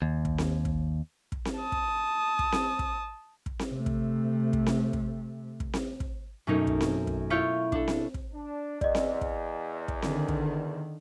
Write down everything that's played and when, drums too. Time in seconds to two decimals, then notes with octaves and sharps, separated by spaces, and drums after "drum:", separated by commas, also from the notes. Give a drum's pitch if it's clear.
0.02 D#2
0.25 drum: kick
0.38 drum: snare C4
0.65 drum: kick
1.32 drum: kick
1.45 drum: snare C4
1.59 A5 D#6
1.72 drum: kick
2.39 drum: kick
2.52 drum: snare C4
2.79 drum: kick
3.46 drum: kick
3.59 drum: snare C4
3.70 C3 A3
3.86 drum: kick
4.53 drum: kick
4.66 drum: snare C4
4.93 drum: kick
5.60 drum: kick
5.73 drum: snare C4
6.00 drum: kick
6.47 F#2 B2 A3 A#3 C#4 D#4
6.67 drum: kick
6.81 drum: snare C4
7.07 drum: kick
7.30 E4 F4 C#5 G6
7.72 D4 A4, drum: kick
7.88 drum: snare C4
8.14 drum: kick
8.33 D4
8.81 E2 D5 D#5, drum: kick
8.95 drum: snare C4
9.21 drum: kick
9.88 drum: kick
10.02 D3 D#3, drum: snare C4
10.28 drum: kick